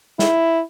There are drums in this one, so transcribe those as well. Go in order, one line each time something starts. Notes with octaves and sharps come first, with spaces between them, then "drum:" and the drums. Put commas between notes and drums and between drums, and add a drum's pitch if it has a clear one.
E4, drum: snare